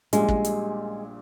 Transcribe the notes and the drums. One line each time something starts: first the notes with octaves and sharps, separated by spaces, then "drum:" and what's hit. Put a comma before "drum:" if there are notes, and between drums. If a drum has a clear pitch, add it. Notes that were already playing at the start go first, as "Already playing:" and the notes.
A#1 A#2 G3 G#3, drum: hi-hat
drum: kick
drum: hi-hat